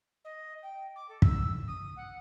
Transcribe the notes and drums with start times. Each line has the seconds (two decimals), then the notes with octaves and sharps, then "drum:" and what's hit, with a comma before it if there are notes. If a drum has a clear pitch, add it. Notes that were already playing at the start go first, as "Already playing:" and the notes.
0.24 D#5
0.62 G5
0.95 D6
1.08 A4
1.22 E6, drum: kick
1.67 D#6
1.96 F#5